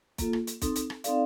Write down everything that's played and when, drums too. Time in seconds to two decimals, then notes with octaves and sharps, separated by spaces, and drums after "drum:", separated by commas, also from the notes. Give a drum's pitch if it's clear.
0.18 A#3 F4 A4, drum: kick, hi-hat
0.33 drum: rim click
0.47 drum: hi-hat
0.62 C4 D#4 A4, drum: kick, hi-hat
0.76 drum: hi-hat
0.90 drum: rim click
1.04 C4 D#4 A4 D5 F5, drum: hi-hat